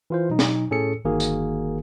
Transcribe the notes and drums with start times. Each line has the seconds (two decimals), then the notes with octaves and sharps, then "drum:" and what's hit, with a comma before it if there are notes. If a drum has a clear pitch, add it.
0.10 E3 F4 C5
0.30 B2 F#3 D#4
0.39 drum: snare
0.71 A2 C#4 G#4 A4 C#7
1.05 G1 D#3 A#3 F#4 G#4
1.20 drum: hi-hat